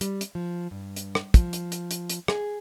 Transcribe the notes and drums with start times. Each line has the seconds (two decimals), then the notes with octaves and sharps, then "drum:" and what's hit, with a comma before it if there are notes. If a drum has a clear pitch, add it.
0.01 G3, drum: hi-hat
0.21 drum: hi-hat
0.35 F3
0.71 G2
0.96 drum: hi-hat
1.15 drum: rim click
1.34 F3, drum: kick, hi-hat
1.53 drum: hi-hat
1.72 drum: hi-hat
1.91 drum: hi-hat
2.10 drum: hi-hat
2.28 G#4, drum: rim click